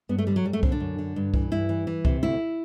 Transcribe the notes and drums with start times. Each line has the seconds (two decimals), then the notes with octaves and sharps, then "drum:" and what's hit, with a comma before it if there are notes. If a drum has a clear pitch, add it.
0.09 G2 B3
0.18 A3
0.27 D3 G3
0.36 F#3
0.45 F#2 G3
0.53 A3
0.63 D3 C4, drum: kick C2
0.72 D4
0.80 F#2
0.99 D3
1.16 G2
1.34 E3, drum: kick C2
1.51 G2 E4
1.69 E3
1.87 E3
2.05 C3, drum: kick C2
2.23 D2 E4